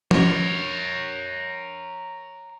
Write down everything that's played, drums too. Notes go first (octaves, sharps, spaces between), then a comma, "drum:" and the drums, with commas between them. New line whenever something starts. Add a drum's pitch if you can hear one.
A#4 C#5, drum: tom